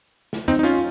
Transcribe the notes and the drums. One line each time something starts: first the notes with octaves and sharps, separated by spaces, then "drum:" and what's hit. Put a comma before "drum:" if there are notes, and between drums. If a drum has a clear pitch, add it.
drum: snare
C4 D#4, drum: tom E2
D#4
C#4 F4, drum: hi-hat